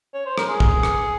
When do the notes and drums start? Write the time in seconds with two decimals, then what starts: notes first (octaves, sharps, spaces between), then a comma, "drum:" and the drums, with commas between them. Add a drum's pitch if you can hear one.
0.14 C#5
0.26 C5
0.38 A#4, drum: rim click
0.48 G#4
0.60 drum: kick
0.83 drum: rim click